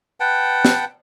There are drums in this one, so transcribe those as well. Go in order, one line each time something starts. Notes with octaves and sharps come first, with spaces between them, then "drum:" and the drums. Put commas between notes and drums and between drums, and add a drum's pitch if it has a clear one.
B4 F#5 G5 A5
drum: snare